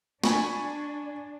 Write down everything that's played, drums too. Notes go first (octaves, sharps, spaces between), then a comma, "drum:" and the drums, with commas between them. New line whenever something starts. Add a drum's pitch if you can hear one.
D4 G#5 B5 C#6, drum: snare